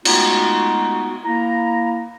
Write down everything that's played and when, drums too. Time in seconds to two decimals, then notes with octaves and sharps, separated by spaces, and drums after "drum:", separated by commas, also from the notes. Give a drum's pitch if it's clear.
0.05 G#3 A3 B3 D#4 F4 F#4, drum: cymbal
1.24 A#3 E4 A#5